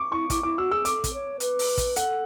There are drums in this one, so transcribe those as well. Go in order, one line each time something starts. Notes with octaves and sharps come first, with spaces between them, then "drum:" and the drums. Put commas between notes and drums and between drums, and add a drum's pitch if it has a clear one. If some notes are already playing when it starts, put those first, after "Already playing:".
Already playing: C#6 D6
E4 C#6
E4 D6, drum: kick, hi-hat
E4 D6
F#4 E6
G#4 E6
A4 D6, drum: hi-hat
drum: kick, hi-hat
C#5
B4, drum: hi-hat
drum: open hi-hat
drum: kick, hi-hat
A4 F#5, drum: hi-hat